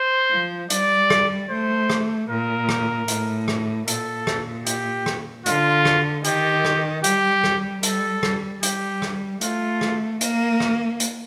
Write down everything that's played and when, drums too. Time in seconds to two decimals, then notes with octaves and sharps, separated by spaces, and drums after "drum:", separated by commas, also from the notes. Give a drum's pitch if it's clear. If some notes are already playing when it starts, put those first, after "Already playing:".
Already playing: C5
0.31 F3
0.70 G3 D5, drum: hi-hat
1.10 drum: rim click
1.50 A3 C5
1.90 drum: rim click
2.29 A#2 A#4
2.69 drum: rim click
3.08 A2, drum: hi-hat
3.48 drum: rim click
3.88 A#2 A4, drum: hi-hat
4.27 drum: rim click
4.66 G4, drum: hi-hat
5.06 drum: rim click
5.46 D3 F4, drum: hi-hat
5.85 drum: rim click
6.24 D#3 G4, drum: hi-hat
6.65 drum: rim click
7.04 G3 G4, drum: hi-hat
7.44 drum: rim click
7.83 G3 A4, drum: hi-hat
8.23 G3, drum: rim click
8.63 G3 G4, drum: hi-hat
9.02 drum: rim click
9.41 A3 F4, drum: hi-hat
9.81 drum: rim click
10.21 A#3 A#4, drum: hi-hat
10.60 drum: rim click
11.00 drum: hi-hat